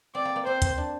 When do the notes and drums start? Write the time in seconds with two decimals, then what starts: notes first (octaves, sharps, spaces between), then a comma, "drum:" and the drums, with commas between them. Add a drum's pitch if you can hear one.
0.15 C4 D5
0.25 A#3
0.36 A#3
0.46 C4 C5
0.62 drum: kick, hi-hat
0.78 D4